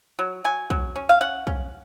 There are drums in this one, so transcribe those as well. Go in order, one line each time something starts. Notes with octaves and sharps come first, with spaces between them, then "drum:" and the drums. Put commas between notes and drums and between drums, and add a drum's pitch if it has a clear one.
F#3
F#3 G#5
F#3, drum: kick
C#4
F5
C#4 F#5
C#4, drum: kick